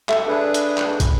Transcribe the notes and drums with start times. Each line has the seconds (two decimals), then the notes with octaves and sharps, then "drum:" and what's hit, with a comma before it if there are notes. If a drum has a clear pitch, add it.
0.09 A4 E5, drum: clap
0.27 D4 G#4 B4
0.54 drum: hi-hat
0.77 drum: clap
1.00 drum: kick, hi-hat